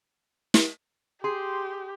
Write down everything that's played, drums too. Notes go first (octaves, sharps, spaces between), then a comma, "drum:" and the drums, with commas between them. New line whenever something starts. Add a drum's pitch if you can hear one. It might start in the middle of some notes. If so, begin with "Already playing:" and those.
drum: snare
G4 G#4 C6